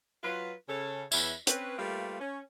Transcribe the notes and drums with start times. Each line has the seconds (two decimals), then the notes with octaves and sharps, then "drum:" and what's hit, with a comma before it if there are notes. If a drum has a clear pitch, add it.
0.24 F#3 F4 B4
0.68 C#3 A4 C#5
1.12 E2 B4 C#5 E5, drum: tambourine
1.47 C4 C#4 B4, drum: hi-hat
1.78 G3 A3 A#3 F4 B4 F5
2.20 C#4